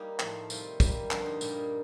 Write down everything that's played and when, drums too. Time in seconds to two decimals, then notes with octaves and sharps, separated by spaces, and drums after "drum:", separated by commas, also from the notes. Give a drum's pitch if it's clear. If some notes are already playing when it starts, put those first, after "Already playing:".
Already playing: G3 A#3 D#4
0.19 A2 F3 A3, drum: clap
0.50 C3 D#3 G3 F4, drum: tambourine
0.80 C3 G3 A#3, drum: kick, tambourine
1.11 G2 D3 F3 A#3 F4, drum: clap
1.26 D#4
1.41 A#2 G3 A#3 D#4, drum: tambourine